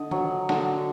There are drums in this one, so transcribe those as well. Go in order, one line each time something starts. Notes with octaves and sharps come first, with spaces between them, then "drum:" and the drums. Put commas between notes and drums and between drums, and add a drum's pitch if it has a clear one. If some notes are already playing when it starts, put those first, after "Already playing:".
Already playing: D3 D#5
F#3, drum: tom D#3
D3, drum: snare